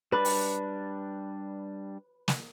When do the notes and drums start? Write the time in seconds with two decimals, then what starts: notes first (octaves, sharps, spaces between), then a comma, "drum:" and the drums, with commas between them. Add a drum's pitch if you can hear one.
0.12 G3 D4 B4 D5
0.25 drum: open hi-hat
2.28 drum: snare